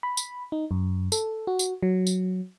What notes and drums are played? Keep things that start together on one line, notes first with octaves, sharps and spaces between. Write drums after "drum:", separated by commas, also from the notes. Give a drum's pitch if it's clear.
B5
drum: tambourine
D#4
F#2
A4, drum: tambourine
F#4
drum: tambourine
F#3
drum: tambourine